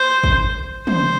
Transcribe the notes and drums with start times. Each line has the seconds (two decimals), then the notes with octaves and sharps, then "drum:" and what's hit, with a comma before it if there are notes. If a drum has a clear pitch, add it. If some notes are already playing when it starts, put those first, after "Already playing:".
Already playing: C5
0.24 drum: kick
0.87 C5, drum: tom